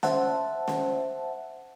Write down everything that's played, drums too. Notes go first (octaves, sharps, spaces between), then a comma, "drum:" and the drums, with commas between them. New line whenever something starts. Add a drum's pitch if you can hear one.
C5 E5 F#5 A5, drum: snare
drum: snare